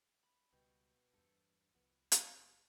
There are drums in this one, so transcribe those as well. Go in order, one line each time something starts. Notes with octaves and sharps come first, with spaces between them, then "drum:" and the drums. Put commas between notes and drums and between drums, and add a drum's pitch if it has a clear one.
B5
C#2 B2 G3 G5
E2 G2 A4 C5
C2 F3 B3
drum: hi-hat
F#1